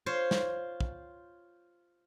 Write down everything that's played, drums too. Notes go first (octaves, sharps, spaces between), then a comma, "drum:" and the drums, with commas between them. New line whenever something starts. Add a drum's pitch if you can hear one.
F4 C5 C#5
drum: snare
drum: kick